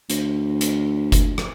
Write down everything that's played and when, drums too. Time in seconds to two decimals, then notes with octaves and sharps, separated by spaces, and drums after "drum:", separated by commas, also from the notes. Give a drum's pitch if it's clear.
0.10 D2, drum: hi-hat
0.61 drum: hi-hat
1.12 drum: kick F#1, hi-hat
1.38 drum: rim click